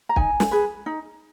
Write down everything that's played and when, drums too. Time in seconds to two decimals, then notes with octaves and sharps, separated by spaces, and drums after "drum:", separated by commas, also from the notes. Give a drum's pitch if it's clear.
0.09 A#5
0.16 D#4 G#5, drum: kick
0.40 drum: snare
0.51 G#4 B4
0.86 D#4